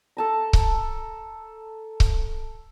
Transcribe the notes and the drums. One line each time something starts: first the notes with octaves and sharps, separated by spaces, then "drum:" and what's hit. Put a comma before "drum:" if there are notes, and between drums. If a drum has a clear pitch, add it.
A4 A5 A#5
drum: kick C#1
drum: kick C#1